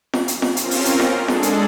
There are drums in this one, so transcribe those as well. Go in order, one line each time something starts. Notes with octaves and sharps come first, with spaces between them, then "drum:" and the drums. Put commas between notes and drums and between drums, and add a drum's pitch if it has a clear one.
drum: snare
drum: hi-hat
drum: snare
C4 C#4 F4 A#4, drum: hi-hat
drum: open hi-hat
drum: hi-hat
drum: snare
G#3 D4 G#4 A4
drum: snare
drum: hi-hat